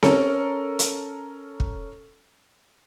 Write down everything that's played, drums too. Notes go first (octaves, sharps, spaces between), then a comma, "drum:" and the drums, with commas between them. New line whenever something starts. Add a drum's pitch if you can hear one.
C#4 A4 A#4, drum: snare C4
drum: hi-hat
drum: kick